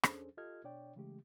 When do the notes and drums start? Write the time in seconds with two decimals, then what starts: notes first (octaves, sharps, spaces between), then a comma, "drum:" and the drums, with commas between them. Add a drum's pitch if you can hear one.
0.03 E2 C#4 D4 G#4 A4 C5, drum: rim click
0.37 F4 G4 A4 D#5 F6 G#6
0.64 B2 D4 C#5 D5 G5
0.96 C#3 E3 G#3 A3 G4